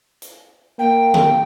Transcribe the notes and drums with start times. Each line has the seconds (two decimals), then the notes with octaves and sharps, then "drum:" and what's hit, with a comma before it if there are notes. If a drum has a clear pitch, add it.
0.22 drum: hi-hat
0.79 A#3 G5
1.14 drum: tom D3